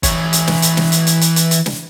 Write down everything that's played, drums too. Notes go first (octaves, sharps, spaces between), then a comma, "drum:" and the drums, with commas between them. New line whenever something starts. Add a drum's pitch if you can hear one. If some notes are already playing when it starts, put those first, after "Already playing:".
E3 C#5, drum: kick G1, hi-hat
drum: hi-hat
drum: snare
drum: hi-hat
drum: snare
drum: hi-hat
drum: hi-hat
drum: hi-hat
drum: hi-hat
drum: hi-hat
drum: snare